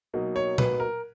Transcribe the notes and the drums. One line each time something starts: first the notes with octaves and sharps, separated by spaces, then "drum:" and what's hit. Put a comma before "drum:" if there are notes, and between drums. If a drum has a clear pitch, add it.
B2 F#3 A#3 D#4
C#5
B4, drum: tom A#2
A#4